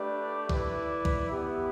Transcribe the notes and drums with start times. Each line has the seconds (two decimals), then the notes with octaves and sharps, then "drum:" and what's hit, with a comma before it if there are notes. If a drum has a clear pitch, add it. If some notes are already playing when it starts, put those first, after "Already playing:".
Already playing: A3 D4 G4 B4 D5
0.49 E4 B4 D5, drum: kick A#1
1.05 drum: kick A#1
1.30 B3 E4 G4